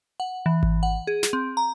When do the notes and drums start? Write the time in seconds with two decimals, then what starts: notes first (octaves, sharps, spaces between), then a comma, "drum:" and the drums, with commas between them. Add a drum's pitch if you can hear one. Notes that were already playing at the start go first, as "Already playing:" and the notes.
0.20 F#5
0.46 E3
0.63 drum: kick G#1
0.83 F#5
1.07 G#4
1.23 drum: snare
1.33 C4
1.57 A#5